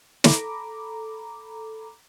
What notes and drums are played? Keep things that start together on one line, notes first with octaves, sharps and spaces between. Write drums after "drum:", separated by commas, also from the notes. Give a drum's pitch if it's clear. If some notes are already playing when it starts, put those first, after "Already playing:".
A4 A#5 B5 D6, drum: snare